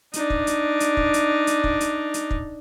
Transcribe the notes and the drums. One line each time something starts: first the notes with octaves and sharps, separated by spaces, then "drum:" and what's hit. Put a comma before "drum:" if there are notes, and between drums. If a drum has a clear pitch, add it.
D4 D#4, drum: hi-hat
drum: kick
drum: hi-hat
drum: hi-hat
drum: kick
drum: hi-hat
drum: hi-hat
drum: kick
drum: hi-hat
drum: hi-hat
drum: kick